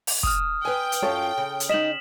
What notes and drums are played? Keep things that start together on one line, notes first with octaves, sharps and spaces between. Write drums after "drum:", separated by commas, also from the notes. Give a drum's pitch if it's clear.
drum: open hi-hat
D#6 F6, drum: kick
B4 G5 G#5
drum: hi-hat
F#2 C#4 F4 A4 C#5
C#3
drum: hi-hat
D#4 D#5 B6 E7 F#7